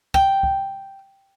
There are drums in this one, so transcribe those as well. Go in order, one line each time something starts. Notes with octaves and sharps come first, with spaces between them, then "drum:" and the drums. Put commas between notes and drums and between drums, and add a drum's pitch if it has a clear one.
G5, drum: kick
drum: kick